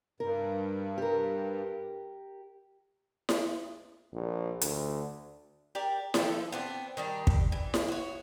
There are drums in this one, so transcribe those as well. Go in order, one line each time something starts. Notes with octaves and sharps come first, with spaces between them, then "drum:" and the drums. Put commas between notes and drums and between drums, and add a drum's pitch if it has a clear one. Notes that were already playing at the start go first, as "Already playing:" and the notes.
G2 A#4
G4 A#4
drum: snare E4
A#1
D2, drum: hi-hat
G4 A#4 D5
E3 F3 A4, drum: snare E4
B3 C4 D4
D#3 G3 D4
drum: kick
E3
drum: snare E4
F#4 C#5